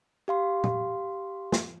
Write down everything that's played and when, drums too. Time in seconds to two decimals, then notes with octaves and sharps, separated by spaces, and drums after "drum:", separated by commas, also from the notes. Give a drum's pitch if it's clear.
0.28 G4 F5 C6
0.64 drum: tom A#2
1.52 drum: snare